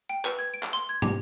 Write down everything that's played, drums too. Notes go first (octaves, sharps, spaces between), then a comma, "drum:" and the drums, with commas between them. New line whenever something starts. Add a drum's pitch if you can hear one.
G5
B4, drum: clap
G#6
D7
drum: clap
C6
G#6
G4, drum: tom